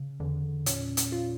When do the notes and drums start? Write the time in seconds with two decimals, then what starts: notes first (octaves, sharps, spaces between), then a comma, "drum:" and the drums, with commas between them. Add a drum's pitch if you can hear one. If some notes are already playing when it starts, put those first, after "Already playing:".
Already playing: C#3
0.20 E2 D3
0.66 A#2 C#4, drum: hi-hat
0.97 drum: hi-hat
1.12 F4